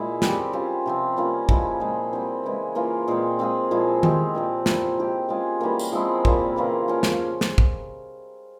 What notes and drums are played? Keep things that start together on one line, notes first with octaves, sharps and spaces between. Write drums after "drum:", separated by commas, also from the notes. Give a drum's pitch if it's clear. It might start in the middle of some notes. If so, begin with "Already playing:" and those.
Already playing: A#2 G#3 E4
G3 C4 G4, drum: snare
G3 C#4 F4
C3 F3 C4
G3 A#3 C#4 F4
C#3 F3 G#3 E4, drum: kick
A#2 G#3 C4
G3 C4 E4
C#3 E3 G#3
E3 A#3 C#4 F4
A#2 G#3 C4
G#3 C4 F4 G#4
A#2 F3 G#3 E4
G#3 C4 G4, drum: tom D#3
A#2 F3 A#3
F3 A#3 E4, drum: snare
G#3 E4 G4
G#3 C#4 F4 G#4
E3 G3 A#3
drum: tambourine
F3 G#3 C4 E4
A#2 G3 A#3, drum: kick
C#3 E3 A#3 F4
F3 A#3 C#4
drum: snare
drum: snare
drum: kick